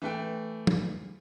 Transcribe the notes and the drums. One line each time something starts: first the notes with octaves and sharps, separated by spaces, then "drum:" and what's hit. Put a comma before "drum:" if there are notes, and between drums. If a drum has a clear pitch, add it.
E3 A3 G5
drum: tom